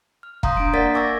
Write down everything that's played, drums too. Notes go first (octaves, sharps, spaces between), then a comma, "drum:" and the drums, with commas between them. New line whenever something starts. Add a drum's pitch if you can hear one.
F6
F5 A#5 C6 D#6 G6, drum: kick
D4 D7
A#3 A#4 D5 F#5 A6 B6
G#5 C#6 D6 E6 G#6 A#6